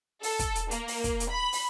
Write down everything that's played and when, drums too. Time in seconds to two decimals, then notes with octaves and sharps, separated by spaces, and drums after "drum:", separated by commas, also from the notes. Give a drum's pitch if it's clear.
0.23 A4, drum: open hi-hat
0.39 drum: kick, hi-hat
0.55 drum: hi-hat
0.71 A#3, drum: hi-hat
0.88 drum: open hi-hat
1.04 drum: kick, hi-hat
1.20 drum: hi-hat
1.30 B5
1.52 drum: open hi-hat